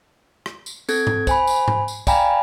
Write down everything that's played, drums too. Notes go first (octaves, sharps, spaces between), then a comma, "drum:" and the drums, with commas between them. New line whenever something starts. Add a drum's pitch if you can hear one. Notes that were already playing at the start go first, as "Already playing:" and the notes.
drum: rim click
drum: tambourine
C4 A4 G#6, drum: tambourine
drum: tom G#2
C5 G#5 B5, drum: kick, tambourine
drum: tambourine
drum: tom G#2
drum: tambourine
D5 F5 G5 G#5 A#5 B5, drum: kick, tambourine